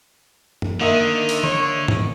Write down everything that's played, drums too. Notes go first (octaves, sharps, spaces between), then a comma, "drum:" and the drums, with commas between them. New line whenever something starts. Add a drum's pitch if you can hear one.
drum: tom F#2
D3 D#3 A#3 D#5 E5
drum: open hi-hat
C#5, drum: tom D3
drum: tom G#2